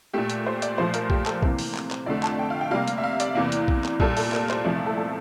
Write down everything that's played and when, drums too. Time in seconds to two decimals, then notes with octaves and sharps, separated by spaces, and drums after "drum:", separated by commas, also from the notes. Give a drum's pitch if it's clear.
0.13 A#2 A3 G4
0.30 drum: hi-hat
0.46 C5
0.62 D5, drum: hi-hat
0.78 A#2 F3 A3 C5
0.94 A#4, drum: hi-hat
1.10 G4, drum: kick B1
1.26 A4, drum: clap
1.42 C3 E3 A#3 C5, drum: kick B1
1.59 drum: open hi-hat
1.75 drum: clap
1.91 drum: clap
2.06 F2 D3 A3 D5
2.23 A5, drum: clap
2.39 G5
2.50 F5
2.61 G5
2.71 C3 G3 A#3 F5
2.88 drum: hi-hat
2.98 E5
3.04 F5
3.20 D5, drum: hi-hat
3.35 E2 C3 E3 A#3
3.52 drum: hi-hat
3.68 drum: kick B1
3.84 drum: clap
4.00 A#2 G3 A#3 A4, drum: kick B1
4.17 A4, drum: open hi-hat
4.32 A#4, drum: clap
4.49 C5, drum: clap
4.64 E2 C3 F3 A3 D5
4.75 E5
4.86 A4
4.97 A4